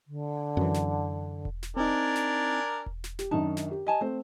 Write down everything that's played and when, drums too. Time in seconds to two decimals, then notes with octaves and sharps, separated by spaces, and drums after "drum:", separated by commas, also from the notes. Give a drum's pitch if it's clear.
0.07 D3
0.57 F#2 E3
0.75 drum: snare
1.45 drum: kick E1
1.63 drum: snare
1.77 C4 D4 D#4 A#4 G#5
2.16 drum: snare
2.86 drum: kick E1
3.04 drum: snare
3.19 G4, drum: snare
3.31 F#2 D#3 D4 D#4 A5
3.57 drum: snare
3.71 G4
3.87 D#5 G#5 A5
4.01 A3 C4 C5